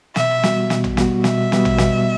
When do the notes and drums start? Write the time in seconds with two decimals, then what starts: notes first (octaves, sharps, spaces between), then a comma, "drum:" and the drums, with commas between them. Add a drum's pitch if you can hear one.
0.16 B2 E5, drum: snare
0.43 G3 B3 F#4, drum: snare
0.70 B2, drum: snare
0.84 drum: tom A1
0.97 G3 B3 F#4, drum: snare
1.24 B2 E5, drum: snare
1.52 G3 B3 F#4, drum: snare
1.65 drum: tom A1
1.78 B2, drum: snare